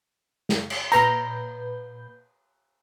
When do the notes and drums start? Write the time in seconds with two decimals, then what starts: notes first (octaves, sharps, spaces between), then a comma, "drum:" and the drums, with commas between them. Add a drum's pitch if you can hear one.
0.49 drum: snare
0.70 drum: cymbal
0.92 A#2 B4 A#5 G6, drum: hi-hat